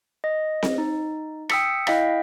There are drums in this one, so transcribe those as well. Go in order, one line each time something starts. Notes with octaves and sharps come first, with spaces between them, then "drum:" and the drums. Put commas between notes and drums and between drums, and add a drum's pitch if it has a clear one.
D#5
drum: snare C4
D#4
G5 D#6 E6 B6 C#7, drum: rim click
E4 D#5 F5 G5 B6, drum: rim click